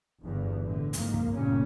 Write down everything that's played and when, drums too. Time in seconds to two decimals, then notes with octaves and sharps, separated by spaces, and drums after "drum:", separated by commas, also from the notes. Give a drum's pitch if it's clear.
0.22 G1 E2
0.63 A2 D3
0.93 F2 G#2 A#3, drum: hi-hat
1.14 drum: kick
1.32 G1 A#2 C#3 G3 C#4